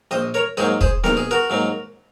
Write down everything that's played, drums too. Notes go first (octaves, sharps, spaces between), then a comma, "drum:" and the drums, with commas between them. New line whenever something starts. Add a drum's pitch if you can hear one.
A#1 C5 D#5
A#4 C#5
G#2 F#3 A#3 G#4 C5
G#4 C5, drum: kick
A#1 A#4, drum: snare B3
G#4
F#4 A#4
G#2 F#3 A#3